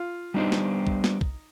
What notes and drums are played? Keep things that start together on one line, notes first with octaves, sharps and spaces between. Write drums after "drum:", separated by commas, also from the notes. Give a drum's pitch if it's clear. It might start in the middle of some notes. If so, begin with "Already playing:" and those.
Already playing: F4
G3 B3 D4 D#4 G4 C5
drum: snare
drum: kick
drum: snare
drum: kick